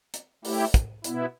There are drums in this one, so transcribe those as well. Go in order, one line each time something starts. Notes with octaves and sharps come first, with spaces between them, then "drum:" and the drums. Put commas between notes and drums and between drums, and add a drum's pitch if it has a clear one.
drum: hi-hat
A3 E4 G4, drum: open hi-hat
drum: kick, hi-hat
B2 B3 E4, drum: hi-hat